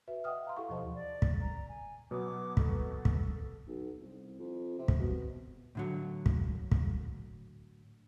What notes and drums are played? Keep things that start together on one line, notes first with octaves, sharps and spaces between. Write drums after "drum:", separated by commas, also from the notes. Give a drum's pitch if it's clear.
F#4 B4 E5
D#5 E5 F#5 G5 D#6 F6
F5 A#5 C6
E4 G4 A4 F5 F#5 C#6
D#2 B2 F3 C5 D#5 A5
D5
drum: kick
A#5
G#5
B2 F#3 B3 D6
A4, drum: kick
drum: kick
B1
C2
F2
C3
drum: kick
B2
A2 D3 F#3
drum: kick
drum: kick